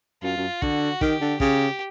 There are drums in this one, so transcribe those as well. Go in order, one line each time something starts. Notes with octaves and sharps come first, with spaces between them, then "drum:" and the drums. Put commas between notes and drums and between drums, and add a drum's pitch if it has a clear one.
F#2 F4
F#2
D3 F#4, drum: kick
D#3 G4, drum: kick
D3
C#3 G4, drum: kick